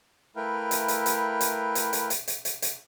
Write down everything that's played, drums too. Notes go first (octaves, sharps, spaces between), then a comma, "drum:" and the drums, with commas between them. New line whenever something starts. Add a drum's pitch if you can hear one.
A3 E4 A#4 B4 F5 G5
drum: hi-hat
drum: hi-hat
drum: hi-hat
drum: hi-hat
drum: hi-hat
drum: hi-hat
drum: hi-hat
drum: hi-hat
drum: hi-hat
drum: hi-hat